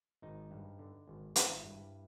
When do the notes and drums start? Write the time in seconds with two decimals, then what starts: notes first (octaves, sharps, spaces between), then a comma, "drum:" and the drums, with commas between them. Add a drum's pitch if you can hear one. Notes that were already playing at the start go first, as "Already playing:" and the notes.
0.22 G#1 D#4
0.51 G2
0.79 D3
1.07 G#1
1.36 G#1 E4, drum: hi-hat
1.64 G2